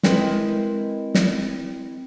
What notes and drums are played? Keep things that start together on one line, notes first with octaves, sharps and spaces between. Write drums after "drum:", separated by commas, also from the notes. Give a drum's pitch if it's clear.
G#3 C4 E4 A#4 B4 D#5, drum: snare
drum: snare